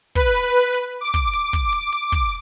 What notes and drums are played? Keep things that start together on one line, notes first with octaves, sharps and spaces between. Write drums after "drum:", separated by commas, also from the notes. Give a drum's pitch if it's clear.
B4, drum: kick
drum: hi-hat
drum: hi-hat
D6
drum: kick, hi-hat
drum: hi-hat
drum: kick, hi-hat
drum: hi-hat
drum: hi-hat
drum: kick, open hi-hat